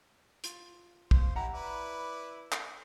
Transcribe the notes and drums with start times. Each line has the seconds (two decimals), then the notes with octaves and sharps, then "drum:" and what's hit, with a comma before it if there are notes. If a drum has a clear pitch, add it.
0.44 F4, drum: hi-hat
1.11 C5 F5, drum: kick
1.36 E4 G4 D5 F#5 A#5
1.54 E4 B4 D5
2.52 drum: clap